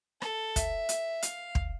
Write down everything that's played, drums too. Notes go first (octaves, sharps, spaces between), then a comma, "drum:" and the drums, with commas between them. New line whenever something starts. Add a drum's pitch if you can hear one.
A4, drum: rim click
E5, drum: kick, hi-hat
drum: hi-hat
F5, drum: hi-hat
drum: kick